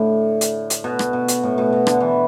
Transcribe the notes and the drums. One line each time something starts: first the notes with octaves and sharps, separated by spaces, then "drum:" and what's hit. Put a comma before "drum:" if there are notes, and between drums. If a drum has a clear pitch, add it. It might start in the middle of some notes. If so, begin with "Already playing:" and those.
Already playing: A2 D3
drum: hi-hat
drum: hi-hat
B2
drum: rim click
B2
drum: hi-hat
A2
B2
B2
D3, drum: rim click
E3